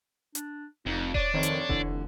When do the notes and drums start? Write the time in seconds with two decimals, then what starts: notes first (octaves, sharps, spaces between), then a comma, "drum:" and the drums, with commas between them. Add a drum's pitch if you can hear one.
0.35 D4, drum: hi-hat
0.86 F1 F2 D#4
1.14 D4 C#5 D5 D#7, drum: kick E1
1.34 F1 D#3 C4 C#5 D#5
1.43 drum: hi-hat
1.69 F1 D3 E3, drum: kick E1